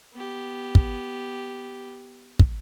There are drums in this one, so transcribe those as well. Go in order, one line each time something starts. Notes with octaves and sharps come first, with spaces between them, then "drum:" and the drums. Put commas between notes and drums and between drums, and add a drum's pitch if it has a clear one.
B3 G4
drum: kick
drum: kick